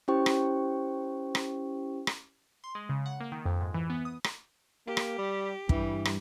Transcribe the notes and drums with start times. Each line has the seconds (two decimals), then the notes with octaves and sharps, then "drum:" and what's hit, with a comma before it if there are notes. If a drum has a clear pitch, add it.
0.08 C#4 E4 G4 C5 G5 C#6
0.26 drum: rim click
1.35 drum: rim click
2.07 drum: rim click
2.64 C6
2.75 G#3
2.89 C#3
3.06 F#5
3.20 A#3
3.32 D#3
3.46 F2
3.61 G#2
3.74 E3
3.90 B3
4.05 D#6
4.24 drum: rim click
4.87 A#3 G4
4.97 drum: rim click
5.18 G3
5.69 G2 E3 G3, drum: kick
6.05 drum: rim click